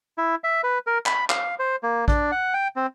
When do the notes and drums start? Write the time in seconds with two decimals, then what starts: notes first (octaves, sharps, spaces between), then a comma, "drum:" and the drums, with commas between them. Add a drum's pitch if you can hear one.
0.18 E4
0.44 E5
0.64 B4
0.87 A#4
1.06 B5, drum: clap
1.30 F5, drum: clap
1.59 C5
1.83 A#3
2.08 D4, drum: kick A1
2.32 F#5
2.54 G5
2.76 C4